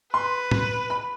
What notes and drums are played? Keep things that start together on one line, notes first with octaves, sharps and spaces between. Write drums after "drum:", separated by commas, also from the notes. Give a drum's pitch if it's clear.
B4 C6
drum: tom
B5